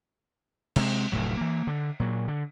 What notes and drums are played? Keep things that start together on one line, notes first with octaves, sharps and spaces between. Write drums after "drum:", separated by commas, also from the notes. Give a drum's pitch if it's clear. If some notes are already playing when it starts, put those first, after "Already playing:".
C3 G#3 C4, drum: cymbal
F1 D2 A2 F#3
E3 A#3
D3
A#2 F#3
D3